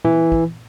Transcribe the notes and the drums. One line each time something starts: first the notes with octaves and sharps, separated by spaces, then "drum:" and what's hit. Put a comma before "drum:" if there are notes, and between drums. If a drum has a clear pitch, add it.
E3, drum: tom A#2
drum: kick